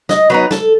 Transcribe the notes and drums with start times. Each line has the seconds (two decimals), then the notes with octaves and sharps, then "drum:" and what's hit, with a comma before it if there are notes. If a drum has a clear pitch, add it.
0.09 D#5, drum: snare
0.30 F#3 B3 D#4 B4
0.51 A4, drum: snare